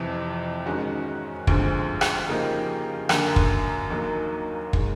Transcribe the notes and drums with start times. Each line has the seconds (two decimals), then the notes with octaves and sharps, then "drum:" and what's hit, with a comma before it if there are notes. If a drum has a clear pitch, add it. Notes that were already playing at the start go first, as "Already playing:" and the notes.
Already playing: F2 C3 E3
0.66 G#2 D#3 G#3 C#4 F#4
1.47 D2 D3 F3 G#3 C4, drum: kick
2.01 drum: rim click
2.28 C#3 F3 A#3 D#4 G4
3.09 F#2 D3 F#3 A#3, drum: rim click
3.36 drum: kick
3.90 D#2 D#3 F#3 A#3
4.73 D#3 G#3, drum: kick